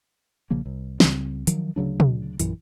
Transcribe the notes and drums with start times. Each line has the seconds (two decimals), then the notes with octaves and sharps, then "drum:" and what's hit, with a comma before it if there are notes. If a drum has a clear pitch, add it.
0.50 A#1 C#3 F3 A#3
0.66 C2
1.00 C#2 C#3 G3 C4, drum: snare
1.47 D#3 F3 F#3, drum: hi-hat
1.76 D2 C#3 F#3 D4
2.00 drum: tom
2.40 A#1 F#2 E3, drum: hi-hat